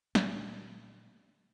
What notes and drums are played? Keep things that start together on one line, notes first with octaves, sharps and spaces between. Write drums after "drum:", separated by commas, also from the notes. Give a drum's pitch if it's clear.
A#2 D3 F#3 A3, drum: snare